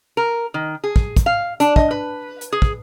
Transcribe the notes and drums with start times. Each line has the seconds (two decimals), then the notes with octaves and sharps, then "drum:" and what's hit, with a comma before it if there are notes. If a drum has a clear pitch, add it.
0.17 A#4
0.54 D#3
0.84 G#4
0.96 drum: kick
1.17 drum: kick, hi-hat
1.26 F5
1.60 D4, drum: hi-hat
1.76 D#5, drum: kick
1.91 B4
2.41 drum: hi-hat
2.52 G#4
2.62 drum: kick